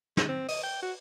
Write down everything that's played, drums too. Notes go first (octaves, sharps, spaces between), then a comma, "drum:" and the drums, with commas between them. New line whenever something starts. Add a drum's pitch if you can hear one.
G#3, drum: snare
C4
D#5, drum: open hi-hat
G5
F#4